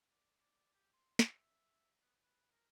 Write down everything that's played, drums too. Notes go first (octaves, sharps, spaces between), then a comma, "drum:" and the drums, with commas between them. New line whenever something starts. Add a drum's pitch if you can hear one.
D5
D5
G4
C6
E5, drum: snare
B3
B4
A#4